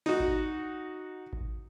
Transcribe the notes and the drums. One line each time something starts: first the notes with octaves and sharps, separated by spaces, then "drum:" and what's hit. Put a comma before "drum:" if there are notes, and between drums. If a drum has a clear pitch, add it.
D#4 F#4, drum: open hi-hat
drum: kick G#1
drum: kick G#1